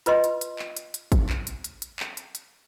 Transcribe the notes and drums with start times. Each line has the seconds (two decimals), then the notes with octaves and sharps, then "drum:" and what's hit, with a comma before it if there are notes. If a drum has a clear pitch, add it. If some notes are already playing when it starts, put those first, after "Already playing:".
0.06 F4 B4 D#5 C6, drum: hi-hat
0.24 drum: hi-hat
0.41 drum: hi-hat
0.59 drum: clap
0.77 drum: hi-hat
0.94 drum: hi-hat
1.12 drum: kick, hi-hat
1.29 drum: clap
1.47 drum: hi-hat
1.64 drum: hi-hat
1.82 drum: hi-hat
2.00 drum: clap
2.17 drum: hi-hat
2.35 drum: hi-hat